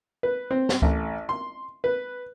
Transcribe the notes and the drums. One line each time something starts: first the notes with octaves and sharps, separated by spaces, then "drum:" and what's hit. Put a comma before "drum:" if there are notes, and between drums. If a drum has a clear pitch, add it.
B4
C4
drum: snare
A1, drum: kick C#2
C6
B4